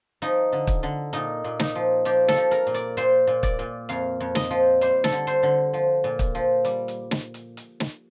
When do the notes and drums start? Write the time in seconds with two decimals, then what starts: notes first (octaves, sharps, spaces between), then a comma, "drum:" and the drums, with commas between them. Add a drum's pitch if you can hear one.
0.22 F3 D#4, drum: hi-hat
0.52 D3
0.67 drum: kick, hi-hat
0.83 D3
1.13 A#2 D#4, drum: hi-hat
1.44 A#2
1.60 D#4, drum: snare
1.75 F3
2.05 F3 G4, drum: hi-hat
2.28 A4, drum: snare
2.36 F3
2.51 A#4, drum: hi-hat
2.67 A#2
2.74 D5, drum: hi-hat
2.97 A#2 C5, drum: hi-hat
3.27 A#2
3.43 D5, drum: kick, hi-hat
3.59 A#2
3.89 F2 F5, drum: hi-hat
4.20 F2
4.35 D#5, drum: snare
4.50 F3
4.81 G3 C5, drum: hi-hat
5.04 A4, drum: snare
5.12 D3
5.27 C5, drum: hi-hat
5.43 D3
5.73 F3
6.04 A#2
6.19 drum: kick, hi-hat
6.35 F3
6.65 G3, drum: hi-hat
6.88 drum: hi-hat
7.11 drum: snare
7.34 drum: hi-hat
7.57 drum: hi-hat
7.80 drum: snare